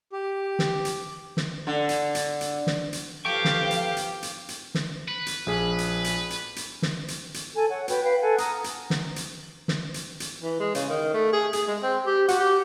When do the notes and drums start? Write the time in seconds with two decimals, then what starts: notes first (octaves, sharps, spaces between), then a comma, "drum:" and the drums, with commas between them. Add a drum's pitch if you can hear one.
0.12 G4
0.59 drum: snare
0.85 drum: hi-hat
1.37 drum: snare
1.67 D3
1.89 drum: hi-hat
2.15 drum: hi-hat
2.41 drum: hi-hat
2.67 drum: snare
2.93 drum: hi-hat
3.25 F3 G4 A4 B4 F5 G5 C#6
3.45 drum: snare
3.71 drum: hi-hat
3.97 drum: hi-hat
4.23 drum: hi-hat
4.49 drum: hi-hat
4.74 drum: snare
5.08 B4
5.26 drum: hi-hat
5.47 A#1 G#4
5.78 drum: hi-hat
6.04 drum: hi-hat
6.30 drum: hi-hat
6.56 drum: hi-hat
6.82 drum: snare
7.08 drum: hi-hat
7.34 drum: hi-hat
7.55 A4 G#5
7.69 C#5 F#5
7.88 F#4 B4 G5, drum: hi-hat
8.04 B4 F5 G5 G6
8.21 A4 F#5 G#5
8.38 F#5 A#5 D#6 F6, drum: hi-hat
8.64 drum: hi-hat
8.90 drum: snare
9.16 drum: hi-hat
9.68 drum: snare
9.94 drum: hi-hat
10.20 drum: hi-hat
10.43 E3
10.60 G#3
10.75 C#3, drum: hi-hat
10.90 D#3
11.14 A3
11.33 G#4
11.53 G#4, drum: hi-hat
11.68 G#3
11.83 C4
12.06 G4
12.28 F#4, drum: hi-hat
12.40 G4